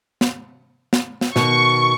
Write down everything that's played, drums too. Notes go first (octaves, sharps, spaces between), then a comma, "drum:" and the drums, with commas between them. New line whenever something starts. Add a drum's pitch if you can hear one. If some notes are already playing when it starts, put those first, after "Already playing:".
drum: snare
drum: snare
drum: snare
B2 D#3 B3 C#6, drum: snare